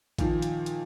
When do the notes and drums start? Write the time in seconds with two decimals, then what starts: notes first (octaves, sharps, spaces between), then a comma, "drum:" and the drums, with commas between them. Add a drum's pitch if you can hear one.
0.18 A#2 D#3 F3, drum: kick, hi-hat
0.42 drum: hi-hat
0.66 drum: hi-hat